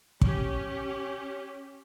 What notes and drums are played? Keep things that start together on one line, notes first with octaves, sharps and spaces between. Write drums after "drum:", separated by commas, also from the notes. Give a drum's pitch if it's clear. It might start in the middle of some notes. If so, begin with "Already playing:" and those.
C#4 G4, drum: kick